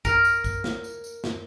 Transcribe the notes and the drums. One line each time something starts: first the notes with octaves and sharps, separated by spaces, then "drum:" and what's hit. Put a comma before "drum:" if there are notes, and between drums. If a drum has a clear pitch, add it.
A#4, drum: kick, tambourine
drum: tambourine
drum: kick, tambourine
drum: snare
drum: tambourine
drum: tambourine
drum: snare